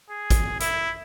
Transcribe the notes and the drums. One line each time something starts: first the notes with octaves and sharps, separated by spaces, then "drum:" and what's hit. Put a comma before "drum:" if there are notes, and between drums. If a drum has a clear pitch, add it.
G#4
drum: kick, hi-hat
E4, drum: hi-hat